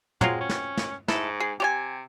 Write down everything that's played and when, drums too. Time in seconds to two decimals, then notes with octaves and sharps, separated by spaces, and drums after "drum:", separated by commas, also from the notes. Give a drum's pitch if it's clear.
0.21 F#3 G#3 C4 F4, drum: tom
0.40 C#4
0.49 drum: snare
0.77 drum: snare
1.08 G#2 E4 A4, drum: snare
1.40 G#4
1.60 C3 G4 C#5 G#5